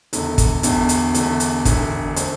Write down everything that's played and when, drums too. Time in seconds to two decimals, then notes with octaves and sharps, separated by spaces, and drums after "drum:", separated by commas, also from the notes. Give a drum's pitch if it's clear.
0.13 E1 E2 D3 A3, drum: hi-hat
0.38 drum: kick, hi-hat
0.63 E1 E2 D3 A3, drum: hi-hat
0.89 drum: hi-hat
1.14 E1 E2 D3 A3, drum: hi-hat
1.40 drum: hi-hat
1.65 E1 E2 D3 A3, drum: kick, hi-hat
2.16 D3 A3 C4, drum: hi-hat